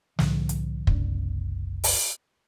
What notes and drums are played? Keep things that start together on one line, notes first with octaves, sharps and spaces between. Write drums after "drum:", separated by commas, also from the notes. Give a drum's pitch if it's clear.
C2 A2 D3 F3, drum: snare
drum: hi-hat
F#1 C2 D4, drum: kick
drum: open hi-hat